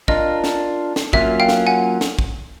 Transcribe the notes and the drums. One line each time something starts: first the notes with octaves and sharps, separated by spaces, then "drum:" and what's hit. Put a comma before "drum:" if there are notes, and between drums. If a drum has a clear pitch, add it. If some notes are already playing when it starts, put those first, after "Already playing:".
D4 F4 A#4 D#5, drum: kick
drum: snare
drum: snare
F#3 A#3 C#4 F4 E5, drum: kick
F5 G5
drum: snare
F#5 G#5
drum: snare
drum: kick